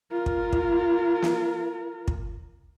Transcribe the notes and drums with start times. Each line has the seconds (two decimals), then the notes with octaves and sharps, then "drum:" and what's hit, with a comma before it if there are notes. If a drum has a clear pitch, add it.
0.11 F4 A#4
0.26 drum: kick
0.53 drum: kick
1.22 drum: snare
2.08 drum: kick